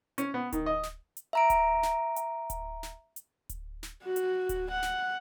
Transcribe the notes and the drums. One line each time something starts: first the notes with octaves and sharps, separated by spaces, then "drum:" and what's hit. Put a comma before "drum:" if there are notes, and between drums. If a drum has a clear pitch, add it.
C#4, drum: hi-hat
B3
D#3, drum: kick D1, hi-hat
D#5
drum: snare
drum: hi-hat
E5 A#5 D7
drum: kick D1, hi-hat
drum: snare
drum: hi-hat
drum: kick D1, hi-hat
drum: snare
drum: hi-hat
drum: kick D1, hi-hat
drum: snare
F#4
drum: hi-hat
drum: kick D1, hi-hat
F#5
drum: snare